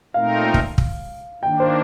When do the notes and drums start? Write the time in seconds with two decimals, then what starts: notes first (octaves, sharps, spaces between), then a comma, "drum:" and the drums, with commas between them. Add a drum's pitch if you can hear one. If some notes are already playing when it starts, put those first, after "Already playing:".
0.14 A#2 A3 C4 D#4 A#4 F5
0.54 drum: kick
0.78 drum: kick
1.43 D#3 A#3 D4 G5
1.60 C5